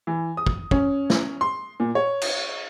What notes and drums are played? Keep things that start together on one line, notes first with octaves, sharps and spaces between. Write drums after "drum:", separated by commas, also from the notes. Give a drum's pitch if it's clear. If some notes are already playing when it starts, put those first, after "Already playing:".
E3
D#6
drum: kick
C#4, drum: kick
drum: snare A3
C6
A#2
C#5
drum: cymbal